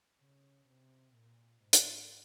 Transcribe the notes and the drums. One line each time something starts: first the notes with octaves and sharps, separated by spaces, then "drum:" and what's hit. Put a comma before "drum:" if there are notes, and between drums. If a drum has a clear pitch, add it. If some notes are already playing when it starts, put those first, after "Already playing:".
C#3
C3
A#2
G#2
drum: hi-hat